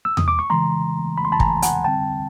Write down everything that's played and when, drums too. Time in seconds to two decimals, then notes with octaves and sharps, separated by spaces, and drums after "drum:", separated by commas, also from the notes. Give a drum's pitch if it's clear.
0.05 E6
0.17 D#6, drum: tom E2
0.28 D6
0.39 C#6
0.50 C#3 E3 G#3 A#5 C6
1.18 B5
1.25 C6
1.32 A5 B5
1.40 G#5 A#5, drum: kick
1.62 F#5 G#5, drum: hi-hat
1.84 D3 G3 C4 G5 A5